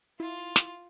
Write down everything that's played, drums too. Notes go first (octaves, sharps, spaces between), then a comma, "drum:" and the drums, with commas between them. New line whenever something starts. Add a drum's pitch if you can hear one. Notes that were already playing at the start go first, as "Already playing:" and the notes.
E4 F4
drum: snare